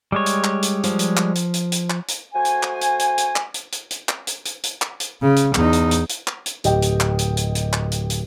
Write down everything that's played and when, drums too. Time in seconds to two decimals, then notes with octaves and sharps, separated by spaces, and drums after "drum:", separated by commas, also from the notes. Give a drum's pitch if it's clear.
0.12 G3 G#3 C#5
0.26 drum: hi-hat
0.44 drum: clap
0.62 drum: hi-hat
0.84 F3, drum: hi-hat
0.99 drum: hi-hat
1.17 drum: clap
1.35 drum: hi-hat
1.54 drum: hi-hat
1.72 drum: hi-hat
1.90 drum: clap
2.08 drum: hi-hat
2.35 A3 F#4 C5 G#5
2.45 drum: hi-hat
2.63 drum: clap
2.81 drum: hi-hat
2.99 drum: hi-hat
3.18 drum: hi-hat
3.36 drum: clap
3.54 drum: hi-hat
3.72 drum: hi-hat
3.91 drum: hi-hat
4.09 drum: clap
4.27 drum: hi-hat
4.45 drum: hi-hat
4.63 drum: hi-hat
4.82 drum: clap
5.00 drum: hi-hat
5.22 C#3
5.36 drum: hi-hat
5.55 E2 D#4, drum: clap
5.73 drum: hi-hat
5.91 drum: hi-hat
6.09 drum: hi-hat
6.27 drum: clap
6.46 drum: hi-hat
6.64 D1 G4 D#5 G5, drum: hi-hat
6.82 drum: hi-hat
7.00 drum: clap
7.19 drum: hi-hat
7.37 drum: hi-hat
7.55 drum: hi-hat
7.73 drum: clap
7.91 drum: hi-hat
8.10 drum: hi-hat